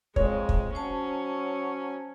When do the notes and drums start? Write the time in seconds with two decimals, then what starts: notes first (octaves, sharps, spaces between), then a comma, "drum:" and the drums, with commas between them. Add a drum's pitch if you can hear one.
0.16 F2 G#3 C#5, drum: kick
0.49 drum: kick
0.75 F#3 C#4 C5 A5